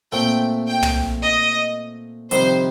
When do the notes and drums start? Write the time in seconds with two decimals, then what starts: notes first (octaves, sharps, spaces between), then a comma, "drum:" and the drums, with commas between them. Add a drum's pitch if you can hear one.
0.12 A#2 A3 C4 G5
0.67 G5
0.83 drum: tom
1.22 D#5
2.31 F2 C3 D#3 G3 C5, drum: hi-hat